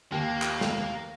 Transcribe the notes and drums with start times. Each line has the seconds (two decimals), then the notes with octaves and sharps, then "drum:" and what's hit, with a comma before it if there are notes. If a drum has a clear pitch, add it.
0.12 D#2 A#3
0.42 drum: clap
0.61 drum: snare